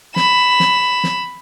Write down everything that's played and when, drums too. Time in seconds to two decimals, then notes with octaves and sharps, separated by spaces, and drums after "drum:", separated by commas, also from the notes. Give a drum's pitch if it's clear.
0.16 B5 E7, drum: snare
0.60 drum: snare
1.04 drum: snare